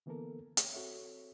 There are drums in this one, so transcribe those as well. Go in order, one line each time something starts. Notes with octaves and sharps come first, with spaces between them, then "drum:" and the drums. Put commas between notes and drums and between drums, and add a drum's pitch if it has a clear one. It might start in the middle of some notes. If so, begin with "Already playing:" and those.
D3 E3 A#3 B3 A4 A#4
C#5, drum: hi-hat
C4 F#4 A4 C#5 E5